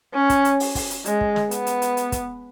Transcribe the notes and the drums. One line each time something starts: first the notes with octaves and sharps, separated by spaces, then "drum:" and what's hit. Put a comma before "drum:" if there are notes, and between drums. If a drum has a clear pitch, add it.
C#4
drum: kick, hi-hat
drum: hi-hat
drum: open hi-hat
drum: kick, open hi-hat
drum: hi-hat
G#3, drum: hi-hat
drum: kick
drum: snare
B3, drum: hi-hat
drum: hi-hat
drum: hi-hat
drum: hi-hat
drum: kick, hi-hat